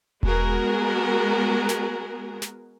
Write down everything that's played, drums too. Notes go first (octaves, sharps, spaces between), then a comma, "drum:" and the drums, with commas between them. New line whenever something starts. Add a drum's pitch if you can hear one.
G#3 B3 F#4 G#4 A#4, drum: kick E1
drum: snare
drum: snare